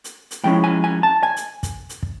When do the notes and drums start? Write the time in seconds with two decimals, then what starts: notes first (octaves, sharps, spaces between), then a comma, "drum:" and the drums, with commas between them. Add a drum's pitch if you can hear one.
0.04 drum: hi-hat
0.31 drum: hi-hat
0.44 A2 F3 G#3 C#4 E4 G5
0.64 G#5
0.84 G#5
1.03 A5
1.23 G#5
1.36 drum: hi-hat
1.63 drum: kick, hi-hat
1.89 drum: hi-hat
2.03 drum: kick